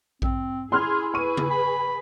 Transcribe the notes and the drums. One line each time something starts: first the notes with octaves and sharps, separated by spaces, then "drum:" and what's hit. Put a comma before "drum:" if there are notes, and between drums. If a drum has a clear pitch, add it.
C4, drum: kick A#1
E4 G#4 C6 F6 G#6
G#4 B4 C#6 D#7
drum: tom C#3
B5